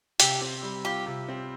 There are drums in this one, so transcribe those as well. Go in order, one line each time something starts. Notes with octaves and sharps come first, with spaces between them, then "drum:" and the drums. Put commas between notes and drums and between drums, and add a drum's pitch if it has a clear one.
C3 G4, drum: hi-hat
C4
G3
F4 G4
C3
C4